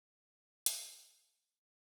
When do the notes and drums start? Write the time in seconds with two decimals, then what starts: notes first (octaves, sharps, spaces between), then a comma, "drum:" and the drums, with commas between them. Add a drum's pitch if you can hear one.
0.04 D2 C#4 A4 C5 C#6
0.66 drum: hi-hat
0.77 D#3 E3 G3 A#3 D#4 A4
0.93 D#2 D#3 G#3 C#4 A4
1.25 A#3 B3 D#4